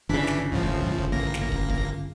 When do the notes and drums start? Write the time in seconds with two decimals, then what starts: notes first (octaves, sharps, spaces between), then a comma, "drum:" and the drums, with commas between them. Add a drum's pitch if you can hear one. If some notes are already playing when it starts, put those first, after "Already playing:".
0.09 G1 C#3 E3 D4 B6
0.27 drum: snare
0.52 C#2 A2 F3
0.63 drum: kick
0.98 drum: kick
1.12 A1 A#3 A#6
1.34 drum: snare
1.52 drum: kick
1.69 drum: kick